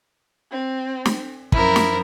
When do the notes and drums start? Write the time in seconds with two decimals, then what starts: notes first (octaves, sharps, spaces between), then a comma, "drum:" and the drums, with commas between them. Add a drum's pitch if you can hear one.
0.52 C4
1.05 drum: snare
1.52 F#2 F3 E4 A#4, drum: kick
1.76 drum: snare